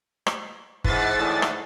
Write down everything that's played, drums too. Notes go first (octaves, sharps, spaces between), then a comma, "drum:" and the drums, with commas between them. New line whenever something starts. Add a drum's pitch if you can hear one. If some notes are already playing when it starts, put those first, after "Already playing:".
drum: rim click
G#2 E3 A6, drum: kick
A2 D3 G#4
drum: rim click